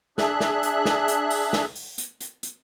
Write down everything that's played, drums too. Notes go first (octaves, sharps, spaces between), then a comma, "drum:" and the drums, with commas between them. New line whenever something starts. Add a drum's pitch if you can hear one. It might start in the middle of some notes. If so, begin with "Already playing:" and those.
D4 G#4 E5 F#6, drum: snare
drum: snare
drum: hi-hat
drum: snare
drum: hi-hat
drum: open hi-hat
drum: snare
drum: open hi-hat
drum: hi-hat
drum: hi-hat
drum: hi-hat